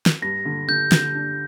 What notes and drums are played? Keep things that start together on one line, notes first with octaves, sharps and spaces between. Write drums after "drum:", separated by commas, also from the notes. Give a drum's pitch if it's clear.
drum: snare
G2 A#6
D3
D3 G6
D3, drum: snare
D4